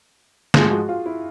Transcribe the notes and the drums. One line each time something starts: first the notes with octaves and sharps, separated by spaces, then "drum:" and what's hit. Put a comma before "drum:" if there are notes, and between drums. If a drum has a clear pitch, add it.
G#2 F3 G#3 G#4, drum: snare
F#4
F4
E4